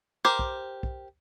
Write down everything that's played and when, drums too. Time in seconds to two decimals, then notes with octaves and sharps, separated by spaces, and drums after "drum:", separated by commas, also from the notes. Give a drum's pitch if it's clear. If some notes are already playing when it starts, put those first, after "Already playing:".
0.25 G4 A#4 C5
0.39 drum: kick
0.83 drum: kick